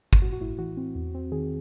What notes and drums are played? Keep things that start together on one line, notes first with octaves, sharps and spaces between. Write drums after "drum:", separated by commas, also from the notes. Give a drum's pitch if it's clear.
drum: kick G1
A2 F#4
F#4
A2 E4
E3 F#4
C4
E2
C4
D#3 G#4